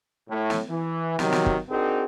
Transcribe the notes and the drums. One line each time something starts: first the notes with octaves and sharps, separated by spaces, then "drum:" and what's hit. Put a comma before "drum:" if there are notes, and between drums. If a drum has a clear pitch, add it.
A2
drum: snare
E3
C3 D#3 F#3, drum: snare
drum: snare
drum: kick
C4 D4 D#4 F#4 G#4 A#4